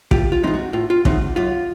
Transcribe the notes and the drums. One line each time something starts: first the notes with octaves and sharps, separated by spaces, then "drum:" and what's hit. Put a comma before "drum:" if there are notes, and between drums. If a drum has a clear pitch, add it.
A2 F4 G4, drum: kick
F4
E3 G#3 C4 D#4 F4
F#4
A2 F4
F4
E3 G#3 C4 D#4 F#4, drum: kick
F#2 F4